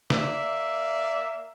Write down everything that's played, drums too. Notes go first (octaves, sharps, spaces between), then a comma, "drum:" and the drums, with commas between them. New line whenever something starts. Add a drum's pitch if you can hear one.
A#3 D5 E5, drum: snare